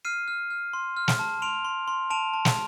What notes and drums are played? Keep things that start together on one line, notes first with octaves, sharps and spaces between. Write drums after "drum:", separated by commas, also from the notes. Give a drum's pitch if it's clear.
F6 C7 D#7
F6
F6
C6
F6
drum: snare
A5
C6 D7 F7
C6
C6
A5 D7 F7
A5
drum: snare